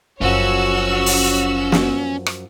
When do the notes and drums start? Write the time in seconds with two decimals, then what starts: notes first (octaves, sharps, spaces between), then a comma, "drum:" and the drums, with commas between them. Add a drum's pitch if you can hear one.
0.21 F#1 F#2 F3 C#4 F#4 C#5 E6
1.06 drum: open hi-hat
1.72 drum: snare
2.26 drum: rim click